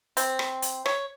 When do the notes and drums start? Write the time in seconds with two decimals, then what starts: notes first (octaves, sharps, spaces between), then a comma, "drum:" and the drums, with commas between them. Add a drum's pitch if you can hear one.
0.17 C4, drum: hi-hat
0.39 drum: rim click
0.62 drum: hi-hat
0.86 C#5, drum: rim click